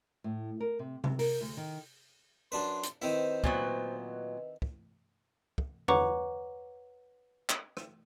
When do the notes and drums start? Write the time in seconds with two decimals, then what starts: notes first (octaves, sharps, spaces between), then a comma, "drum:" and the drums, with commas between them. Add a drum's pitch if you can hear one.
0.24 A2
0.60 A#4
0.79 C3
1.04 C3, drum: tom C3
1.19 A#4, drum: open hi-hat
1.41 D2
1.57 D#3
2.52 F#2 D4 B4 C6
2.83 drum: hi-hat
3.02 D#3 C4 E4 B4 C5 D#5
3.44 A#2 F#3 B3, drum: kick
4.62 drum: kick
5.58 drum: kick
5.88 B4 C#5 F#5 A#5 C#6 D6, drum: tom
7.49 drum: clap
7.77 drum: rim click